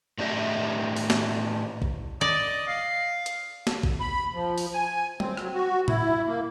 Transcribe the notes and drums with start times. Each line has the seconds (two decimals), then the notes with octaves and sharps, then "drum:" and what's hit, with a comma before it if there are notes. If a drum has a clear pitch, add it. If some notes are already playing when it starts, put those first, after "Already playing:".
0.18 A2 D4 G4 D#5 E5
0.97 drum: open hi-hat
1.10 drum: snare
1.82 drum: kick A#1
2.21 D5 D#5
2.67 F5
3.26 drum: hi-hat
3.67 drum: snare
3.83 drum: kick A#1
4.00 B5
4.34 F3
4.58 drum: open hi-hat
4.74 G#5
5.20 C4, drum: tom G3
5.37 F#3, drum: rim click
5.54 F#4
5.88 E4, drum: tom A2
6.26 A#3